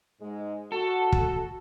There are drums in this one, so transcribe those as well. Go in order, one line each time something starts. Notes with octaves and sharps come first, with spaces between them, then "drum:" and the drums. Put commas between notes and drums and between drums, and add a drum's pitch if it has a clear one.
G#2 G#3
F#4 A4
drum: kick